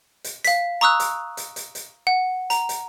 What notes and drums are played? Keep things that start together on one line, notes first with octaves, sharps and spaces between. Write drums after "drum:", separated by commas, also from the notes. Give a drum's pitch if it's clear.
drum: hi-hat
F5 B6, drum: hi-hat
A#5 C#6 D#6 E6 F#6
drum: hi-hat
drum: hi-hat
drum: hi-hat
drum: hi-hat
F#5
A#5, drum: hi-hat
drum: hi-hat